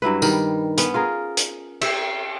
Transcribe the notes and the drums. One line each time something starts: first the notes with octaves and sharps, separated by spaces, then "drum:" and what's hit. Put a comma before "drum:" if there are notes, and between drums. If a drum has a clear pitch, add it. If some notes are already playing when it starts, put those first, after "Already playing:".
G2 F#3 E4 B4
D#3 G3, drum: tambourine
B3 C#4, drum: hi-hat
F4 G#4 A#4
drum: hi-hat
G4 C#5 E5, drum: cymbal